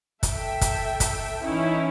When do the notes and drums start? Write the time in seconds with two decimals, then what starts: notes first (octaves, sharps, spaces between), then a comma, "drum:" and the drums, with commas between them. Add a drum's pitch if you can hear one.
0.23 A4 E5 G5, drum: kick, hi-hat
0.61 drum: kick, hi-hat
1.00 drum: kick, hi-hat
1.44 E3 C#4 D#4 E4